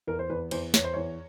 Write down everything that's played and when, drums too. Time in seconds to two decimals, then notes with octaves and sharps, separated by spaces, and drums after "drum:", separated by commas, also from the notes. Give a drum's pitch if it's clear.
0.07 E2 A#4
0.19 C5
0.30 E2 B4
0.51 E2 C5, drum: cymbal
0.74 E2 C#5, drum: snare
0.84 C5
0.94 E2 C#5